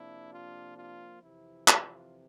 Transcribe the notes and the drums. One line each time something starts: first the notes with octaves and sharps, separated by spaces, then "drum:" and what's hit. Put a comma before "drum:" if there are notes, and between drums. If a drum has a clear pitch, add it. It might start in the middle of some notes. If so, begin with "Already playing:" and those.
Already playing: C3 F3 A#3 D4 E4
F4
F4
F2 C3 E3 E4
F4, drum: clap